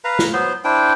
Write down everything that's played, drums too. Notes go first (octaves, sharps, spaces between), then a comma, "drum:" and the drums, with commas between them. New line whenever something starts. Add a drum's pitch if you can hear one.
B4 F5 A#5
drum: snare
F#3 B3 C5 C6
D4 E4 C5 G5